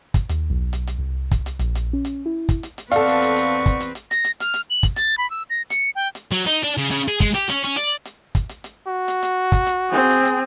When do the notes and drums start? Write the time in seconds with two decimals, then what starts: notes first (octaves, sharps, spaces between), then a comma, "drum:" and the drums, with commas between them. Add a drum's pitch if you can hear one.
0.14 drum: kick, hi-hat
0.29 D#2, drum: hi-hat
0.50 B1
0.73 drum: hi-hat
0.87 drum: hi-hat
0.99 C2
1.31 drum: kick, hi-hat
1.46 drum: hi-hat
1.59 A#1, drum: hi-hat
1.75 drum: hi-hat
1.93 C#4
2.05 drum: hi-hat
2.26 E4
2.49 drum: kick, hi-hat
2.63 drum: hi-hat
2.78 drum: hi-hat
2.92 E2 C4 A4 B4 D5 F5 F#5 C#6, drum: hi-hat
3.07 drum: hi-hat
3.22 drum: hi-hat
3.37 drum: hi-hat
3.66 drum: kick, hi-hat
3.80 drum: hi-hat
3.95 drum: hi-hat
4.11 A#6, drum: hi-hat
4.24 drum: hi-hat
4.40 F6, drum: hi-hat
4.54 drum: hi-hat
4.70 F#7
4.83 drum: kick, hi-hat
4.96 A6, drum: hi-hat
5.18 B5
5.30 E6
5.50 A#6
5.70 C#7, drum: hi-hat
5.95 G5
6.15 drum: hi-hat
6.31 F#3, drum: hi-hat
6.46 D#4, drum: hi-hat
6.63 D4
6.77 C#3
6.91 C#3, drum: hi-hat
7.08 G#4
7.20 G#3, drum: kick, hi-hat
7.34 G4, drum: hi-hat
7.49 C#4, drum: hi-hat
7.64 C#4
7.76 D5, drum: hi-hat
8.05 drum: hi-hat
8.35 drum: kick, hi-hat
8.49 drum: hi-hat
8.64 drum: hi-hat
8.88 F#4
9.08 drum: hi-hat
9.23 drum: hi-hat
9.52 drum: kick, hi-hat
9.67 drum: hi-hat
9.90 C4 G#4
10.11 drum: hi-hat
10.25 drum: hi-hat